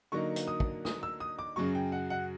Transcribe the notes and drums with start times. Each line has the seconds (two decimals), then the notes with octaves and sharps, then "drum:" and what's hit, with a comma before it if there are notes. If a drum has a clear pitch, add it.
0.12 D3 F#3 A#3 D#4 C#6
0.36 drum: hi-hat
0.48 D#6
0.60 drum: kick
0.85 D#6, drum: snare
1.03 E6
1.20 D#6
1.39 D6
1.56 F#2 C#3 F#3 C#6
1.75 G5
1.92 F#5
2.10 F#5